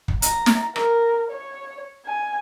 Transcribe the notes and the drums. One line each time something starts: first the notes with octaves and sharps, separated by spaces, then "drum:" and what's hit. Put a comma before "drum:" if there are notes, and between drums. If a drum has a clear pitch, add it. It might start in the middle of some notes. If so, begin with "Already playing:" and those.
drum: kick
A#5, drum: hi-hat
drum: snare
A#4, drum: rim click
C#5
G#5